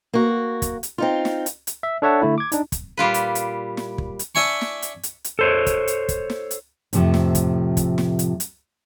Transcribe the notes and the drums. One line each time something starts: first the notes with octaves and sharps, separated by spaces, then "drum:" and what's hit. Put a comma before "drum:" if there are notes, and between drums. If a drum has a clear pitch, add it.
A#3 F#4
drum: kick, hi-hat
drum: hi-hat
C4 D#4 F4
drum: snare
drum: hi-hat
drum: hi-hat
E5
D4 A4 C#5 E5 F#5 A5
D3 A3 E4
D6 G#6
D4 D#4, drum: hi-hat
drum: kick, hi-hat
A#2 G3 F4 B4
drum: hi-hat
drum: hi-hat
drum: snare
drum: kick
drum: hi-hat
D4 E5 G#5 C#6
drum: snare
drum: hi-hat
drum: hi-hat
drum: hi-hat
A4 C5 C#5
drum: kick, hi-hat
drum: hi-hat
drum: kick, hi-hat
drum: snare
drum: hi-hat
F2 A2 C3 F3 A3, drum: hi-hat
drum: snare
drum: kick, hi-hat
drum: kick, hi-hat
drum: snare
drum: hi-hat
drum: hi-hat